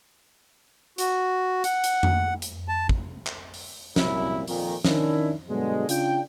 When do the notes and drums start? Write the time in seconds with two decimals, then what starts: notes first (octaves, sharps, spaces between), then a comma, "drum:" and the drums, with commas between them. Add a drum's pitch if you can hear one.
0.98 F#4, drum: hi-hat
1.64 F#5, drum: hi-hat
1.84 drum: hi-hat
2.03 drum: tom F2
2.42 drum: hi-hat
2.68 A5
2.89 drum: kick
3.27 drum: clap
3.54 drum: open hi-hat
3.96 C2 F#2 A#2 E4, drum: snare
4.48 F2 A#2 D#3, drum: open hi-hat
4.84 D#3 C#4 D4 E4, drum: snare
5.49 G2 B2 D3 F#3 G#3
5.89 C#3 D4 F4 G5, drum: hi-hat